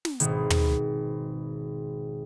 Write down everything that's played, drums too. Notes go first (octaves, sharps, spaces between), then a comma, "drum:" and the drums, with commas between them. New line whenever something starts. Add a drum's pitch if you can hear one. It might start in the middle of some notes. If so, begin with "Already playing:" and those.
drum: snare
G#1 B2, drum: hi-hat
drum: tom